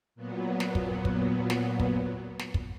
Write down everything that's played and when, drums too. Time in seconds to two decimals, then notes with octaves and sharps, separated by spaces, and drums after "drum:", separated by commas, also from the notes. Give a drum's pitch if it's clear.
0.15 A#2 F#3 B3
0.60 drum: snare
0.75 drum: kick
1.05 drum: kick
1.50 drum: snare
1.80 drum: kick
2.39 drum: snare
2.54 drum: kick